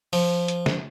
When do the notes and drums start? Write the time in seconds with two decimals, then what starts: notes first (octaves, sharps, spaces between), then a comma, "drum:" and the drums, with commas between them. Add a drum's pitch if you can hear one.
0.13 F3, drum: open hi-hat
0.48 drum: hi-hat
0.66 drum: snare